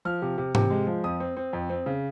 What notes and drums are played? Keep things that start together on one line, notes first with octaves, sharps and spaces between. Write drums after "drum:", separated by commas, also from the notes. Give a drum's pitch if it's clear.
F3 F6
C3
C3
C3, drum: tom G#2
G#3
F3
F2 D#6
C4
C4
F2
C4
C#3